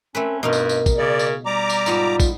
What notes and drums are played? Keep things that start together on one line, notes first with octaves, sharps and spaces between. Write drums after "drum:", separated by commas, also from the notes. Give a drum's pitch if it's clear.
A3 C4 C#4 A#4 B4
G2 B2 D#4 F4 A#4
drum: tambourine
drum: tambourine
drum: kick, tambourine
C#3 D5
drum: tambourine
G3 A#5 D6
drum: tambourine
G#2 B3 F4 A5, drum: tambourine
drum: kick, tambourine